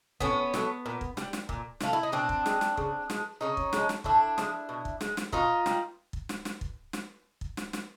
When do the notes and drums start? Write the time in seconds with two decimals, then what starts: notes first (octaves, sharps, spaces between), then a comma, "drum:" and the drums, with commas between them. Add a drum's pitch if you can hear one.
0.20 A2 B3 C#4, drum: kick
0.54 F#3 A3, drum: snare
0.86 A#2
1.01 drum: kick
1.17 G3, drum: snare
1.33 drum: snare
1.49 A#2, drum: kick
1.80 F#3 A3 F4, drum: snare
1.93 E4
2.03 D#4
2.12 B2 C4 D4
2.29 drum: kick
2.46 G#3, drum: snare
2.61 drum: snare
2.77 C#3, drum: kick
3.10 F3 G#3, drum: snare
3.41 C#3 C#4 D#4
3.57 drum: kick
3.73 F3 G#3, drum: snare
3.89 drum: snare
4.04 A2 D4 E4, drum: kick
4.38 F3 G#3, drum: snare
4.69 B2
4.85 drum: kick
5.01 G#3, drum: snare
5.17 drum: snare
5.32 B2 D#4 F4, drum: kick
5.66 G3, drum: snare
6.13 drum: kick
6.29 drum: snare
6.45 drum: snare
6.61 drum: kick
6.93 drum: snare
7.41 drum: kick
7.57 drum: snare
7.73 drum: snare